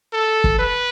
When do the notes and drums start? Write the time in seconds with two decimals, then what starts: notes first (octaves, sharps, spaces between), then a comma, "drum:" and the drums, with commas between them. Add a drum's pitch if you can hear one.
0.13 A4
0.44 drum: kick
0.59 B4